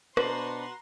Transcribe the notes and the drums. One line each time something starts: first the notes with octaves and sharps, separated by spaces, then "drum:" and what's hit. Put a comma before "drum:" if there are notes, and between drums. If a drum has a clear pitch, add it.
B2 D4 F#4 B4 C5 A#5 C6, drum: rim click